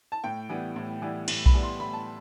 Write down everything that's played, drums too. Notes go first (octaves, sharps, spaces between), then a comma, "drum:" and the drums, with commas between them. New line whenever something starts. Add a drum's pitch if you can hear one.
A5
A2 G5
E3 G3 B3
A2
E3 G3 B3
A2, drum: cymbal
B5, drum: kick B1
E3 G3 B3
C6
A2 B5
A5